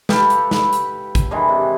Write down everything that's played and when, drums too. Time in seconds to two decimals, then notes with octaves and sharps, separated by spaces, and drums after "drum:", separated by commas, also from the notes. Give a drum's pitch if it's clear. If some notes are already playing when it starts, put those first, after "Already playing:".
0.09 G4 A4 B4 F5, drum: snare
0.30 drum: hi-hat
0.51 B5, drum: snare
0.73 drum: hi-hat
1.15 drum: kick, hi-hat
1.31 D#3 E3 G#3 D4
1.49 C3